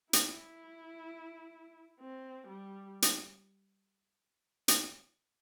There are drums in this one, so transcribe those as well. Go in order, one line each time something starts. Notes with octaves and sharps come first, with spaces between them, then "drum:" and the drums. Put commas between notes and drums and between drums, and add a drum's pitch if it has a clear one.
E4, drum: hi-hat
C4
G3
drum: hi-hat
drum: hi-hat